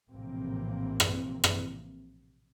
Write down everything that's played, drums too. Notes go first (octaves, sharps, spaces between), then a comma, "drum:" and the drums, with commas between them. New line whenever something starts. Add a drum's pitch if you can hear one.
A#1 A2 C3 E3 A#3 C4
drum: rim click
drum: rim click